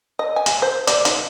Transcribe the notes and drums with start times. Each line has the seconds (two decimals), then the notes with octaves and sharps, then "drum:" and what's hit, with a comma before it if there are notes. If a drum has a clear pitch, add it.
0.19 D#5
0.36 G#5
0.46 drum: hi-hat
0.62 C5
0.87 D5, drum: hi-hat
1.05 D#4, drum: hi-hat